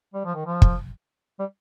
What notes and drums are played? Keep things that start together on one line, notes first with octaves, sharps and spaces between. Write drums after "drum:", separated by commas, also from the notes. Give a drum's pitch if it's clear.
G3
F3
D#3
F3
drum: kick
G3